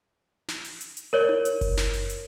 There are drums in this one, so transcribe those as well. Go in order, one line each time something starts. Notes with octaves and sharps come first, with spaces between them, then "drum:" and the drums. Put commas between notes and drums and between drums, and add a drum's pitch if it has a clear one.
drum: snare
drum: open hi-hat
drum: hi-hat
drum: hi-hat
A#4 C#5 D5
drum: tom D#4
drum: hi-hat
drum: kick F#1, open hi-hat
drum: snare
drum: open hi-hat
drum: hi-hat